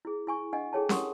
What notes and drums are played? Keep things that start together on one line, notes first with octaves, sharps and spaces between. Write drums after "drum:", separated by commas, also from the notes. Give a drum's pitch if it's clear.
E4 G#4
E4 G#5 C#6
D4 D#5 F#5 G#5
E4 G#4 A4 C#5 G5 A5
G4 A#4 F#5 C6 C#6 D#6, drum: snare C#4